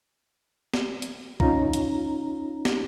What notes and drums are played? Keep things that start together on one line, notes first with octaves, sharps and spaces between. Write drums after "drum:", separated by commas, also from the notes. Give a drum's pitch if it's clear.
drum: snare
drum: hi-hat
C#4 D#4 F4 A#5, drum: kick
drum: hi-hat
drum: snare